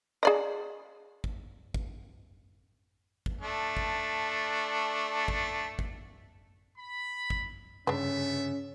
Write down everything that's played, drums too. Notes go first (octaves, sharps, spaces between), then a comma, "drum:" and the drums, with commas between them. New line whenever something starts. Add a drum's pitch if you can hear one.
G#4 D5 D#5
drum: kick
drum: kick
drum: kick
A3 D4
drum: kick
drum: kick
drum: kick
B5
drum: kick
G2 C#3 A3 B3 C#4 D4 B4 E5